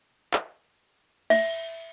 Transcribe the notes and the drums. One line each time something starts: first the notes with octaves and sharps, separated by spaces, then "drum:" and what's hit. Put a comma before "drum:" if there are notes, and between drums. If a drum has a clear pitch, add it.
drum: clap
E5, drum: cymbal